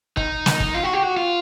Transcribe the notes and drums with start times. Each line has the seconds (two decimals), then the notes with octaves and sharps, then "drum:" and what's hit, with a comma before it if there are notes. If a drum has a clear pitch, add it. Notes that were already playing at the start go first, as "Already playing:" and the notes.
0.17 D#4, drum: kick
0.46 drum: snare
0.60 drum: kick
0.75 F4
0.83 F#4
0.93 G4
1.03 F#4
1.17 F4